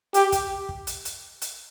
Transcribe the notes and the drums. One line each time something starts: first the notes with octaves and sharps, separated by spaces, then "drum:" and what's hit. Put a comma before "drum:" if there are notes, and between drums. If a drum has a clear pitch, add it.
G4, drum: hi-hat
drum: kick, hi-hat
drum: kick
drum: hi-hat
drum: hi-hat
drum: hi-hat